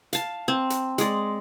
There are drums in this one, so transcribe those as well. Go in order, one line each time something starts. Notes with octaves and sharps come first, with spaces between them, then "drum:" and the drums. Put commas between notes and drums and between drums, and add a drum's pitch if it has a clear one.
F5 A5, drum: hi-hat
C4
drum: hi-hat
G#3 D5, drum: hi-hat